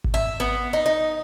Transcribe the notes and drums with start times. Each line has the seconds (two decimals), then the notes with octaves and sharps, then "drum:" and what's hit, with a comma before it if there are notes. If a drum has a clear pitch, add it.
0.04 drum: kick G#1
0.14 E5
0.40 B3
0.73 D#4
0.86 D#4